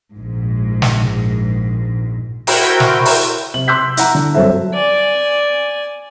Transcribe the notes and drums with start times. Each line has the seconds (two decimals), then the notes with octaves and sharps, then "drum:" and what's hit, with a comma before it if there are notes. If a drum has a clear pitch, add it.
0.18 A#1 G#2
0.82 drum: snare
2.47 E4 F#4 A#4 C5 G5, drum: open hi-hat
2.80 drum: snare
3.06 drum: open hi-hat
3.54 C3 F#7
3.68 C6 D6 E6 F#6 G6 B6
3.97 E4 F#5 A#5, drum: hi-hat
4.15 D3
4.35 G2 F#3 C4 A4 E5
4.74 D5 G#5